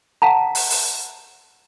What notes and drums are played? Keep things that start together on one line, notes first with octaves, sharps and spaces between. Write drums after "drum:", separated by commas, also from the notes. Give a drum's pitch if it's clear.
F#5 A5 A#5
drum: open hi-hat
drum: open hi-hat